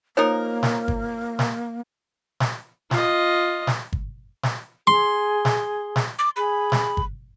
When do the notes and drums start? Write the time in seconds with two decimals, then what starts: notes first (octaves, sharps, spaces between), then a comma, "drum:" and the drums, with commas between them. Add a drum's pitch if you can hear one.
0.17 F3 A#3 D#4 A#4 C#5
0.63 drum: snare
0.88 drum: kick G1
1.39 drum: snare
2.40 drum: snare
2.91 F4 D#5, drum: snare
3.67 drum: snare
3.93 drum: kick G1
4.43 drum: snare
4.87 G#4 C6
5.45 drum: snare
5.96 drum: snare
6.19 D6
6.36 G#4 B5
6.72 drum: snare
6.97 drum: kick G1